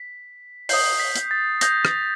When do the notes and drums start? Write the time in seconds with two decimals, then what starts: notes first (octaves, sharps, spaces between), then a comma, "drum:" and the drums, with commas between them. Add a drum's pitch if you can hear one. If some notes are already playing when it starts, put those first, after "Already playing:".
Already playing: B6
0.69 D#6 G6 C7, drum: open hi-hat
1.00 B6
1.16 drum: hi-hat
1.31 A6
1.61 D#6 G6 A#6, drum: hi-hat
1.85 drum: rim click